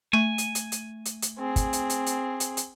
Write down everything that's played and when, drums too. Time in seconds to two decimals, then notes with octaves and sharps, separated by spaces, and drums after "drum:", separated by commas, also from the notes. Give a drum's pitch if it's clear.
0.13 A3 G#5
0.38 drum: hi-hat
0.55 drum: hi-hat
0.72 drum: hi-hat
1.05 drum: hi-hat
1.22 drum: hi-hat
1.39 C4 G#4
1.56 drum: kick, hi-hat
1.73 drum: hi-hat
1.90 drum: hi-hat
2.06 drum: hi-hat
2.40 drum: hi-hat
2.57 drum: hi-hat